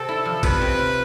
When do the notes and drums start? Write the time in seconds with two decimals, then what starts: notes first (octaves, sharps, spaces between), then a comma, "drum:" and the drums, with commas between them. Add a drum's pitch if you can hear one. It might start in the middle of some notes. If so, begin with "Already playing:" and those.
Already playing: C3 C4 A4
0.09 E4
0.25 F3
0.43 C3 B4, drum: kick A1, cymbal
0.61 C4
0.79 F4